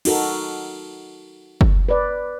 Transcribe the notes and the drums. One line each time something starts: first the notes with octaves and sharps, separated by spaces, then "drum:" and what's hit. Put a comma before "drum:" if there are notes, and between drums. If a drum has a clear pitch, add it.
D#4 F#4 A4 A#4, drum: cymbal
drum: kick
B4 D5